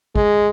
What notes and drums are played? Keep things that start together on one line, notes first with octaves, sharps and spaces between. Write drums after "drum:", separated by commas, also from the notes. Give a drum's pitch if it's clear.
G#3, drum: kick